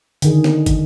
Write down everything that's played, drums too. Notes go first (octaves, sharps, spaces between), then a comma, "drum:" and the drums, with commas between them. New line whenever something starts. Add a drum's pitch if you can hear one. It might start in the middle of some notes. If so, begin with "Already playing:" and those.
D3 D#3 G#4, drum: hi-hat
drum: snare
drum: kick, hi-hat